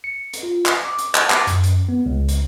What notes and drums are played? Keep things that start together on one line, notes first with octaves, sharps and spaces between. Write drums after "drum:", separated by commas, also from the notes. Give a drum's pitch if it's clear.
C#7
drum: hi-hat
F4
D#6, drum: clap
D6
drum: hi-hat
F#5, drum: clap
D6, drum: clap
F#2, drum: hi-hat
drum: hi-hat
B3
C#2
drum: hi-hat